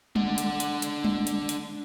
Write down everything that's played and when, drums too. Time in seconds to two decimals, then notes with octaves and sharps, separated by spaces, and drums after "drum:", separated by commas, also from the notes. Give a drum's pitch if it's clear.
0.16 D4 F#5, drum: tom G3
0.38 drum: hi-hat
0.60 drum: hi-hat
0.82 drum: hi-hat
1.05 drum: tom G3
1.27 drum: hi-hat
1.49 drum: hi-hat